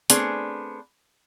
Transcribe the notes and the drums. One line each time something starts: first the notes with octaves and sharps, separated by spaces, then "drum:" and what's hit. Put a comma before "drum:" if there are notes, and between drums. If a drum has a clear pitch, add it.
A3 B3 C4 D4 G#4, drum: hi-hat